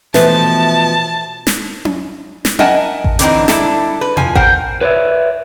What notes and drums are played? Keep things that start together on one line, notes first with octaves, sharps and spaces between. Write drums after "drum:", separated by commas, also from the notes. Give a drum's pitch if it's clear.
B2 E3 F3 A3 B4 E5 A5, drum: snare
drum: snare
drum: tom C#4
drum: snare
A#4 D#5 E5 F#5 G#5 A5, drum: tom C#4
drum: kick A1
D3 E3 C4 D4 D#4, drum: hi-hat
G3 D4 E4 A4, drum: snare
B4
F3 G#5, drum: tom
A#4 C5 F#5 G5, drum: kick A1
B4 C#5 D5 E5